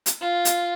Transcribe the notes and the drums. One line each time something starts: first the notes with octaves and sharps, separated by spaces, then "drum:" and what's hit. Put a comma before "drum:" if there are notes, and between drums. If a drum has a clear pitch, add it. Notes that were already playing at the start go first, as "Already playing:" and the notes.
drum: hi-hat
F4
drum: hi-hat